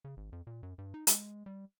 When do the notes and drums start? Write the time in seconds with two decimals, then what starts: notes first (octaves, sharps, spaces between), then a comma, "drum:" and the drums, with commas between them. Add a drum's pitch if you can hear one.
0.05 C#3
0.17 G#1
0.32 F2
0.47 A#2
0.63 F#2
0.78 G2
0.94 D#4
1.07 G#3, drum: hi-hat
1.46 G3